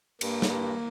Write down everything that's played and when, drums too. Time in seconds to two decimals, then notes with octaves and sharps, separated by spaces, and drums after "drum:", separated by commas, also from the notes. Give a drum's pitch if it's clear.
0.21 G2 A#3, drum: cymbal
0.42 A2, drum: snare
0.49 G2